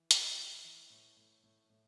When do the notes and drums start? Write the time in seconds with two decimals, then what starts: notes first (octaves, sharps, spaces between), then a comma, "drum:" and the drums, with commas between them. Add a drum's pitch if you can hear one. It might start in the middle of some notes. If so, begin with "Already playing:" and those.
Already playing: E3
0.11 A2 F4, drum: hi-hat
0.24 E4
0.37 E3
0.64 E3
0.90 A2
1.17 A2
1.44 A2
1.70 A2